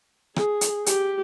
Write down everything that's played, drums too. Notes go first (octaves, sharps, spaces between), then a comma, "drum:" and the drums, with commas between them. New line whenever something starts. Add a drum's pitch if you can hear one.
G#4, drum: rim click
drum: hi-hat
G4, drum: hi-hat